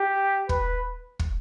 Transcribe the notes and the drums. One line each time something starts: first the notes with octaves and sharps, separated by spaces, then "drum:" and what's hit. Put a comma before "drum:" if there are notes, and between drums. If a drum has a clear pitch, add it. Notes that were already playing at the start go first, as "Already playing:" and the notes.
Already playing: G4
B4, drum: kick
drum: kick